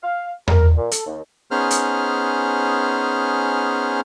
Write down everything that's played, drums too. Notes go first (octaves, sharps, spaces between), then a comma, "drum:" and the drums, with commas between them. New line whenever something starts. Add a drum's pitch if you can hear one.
F5
A#4, drum: tom E2
A#2
A4, drum: hi-hat
D#2
B3 C#4 D#4 G#4 C5 F6
drum: hi-hat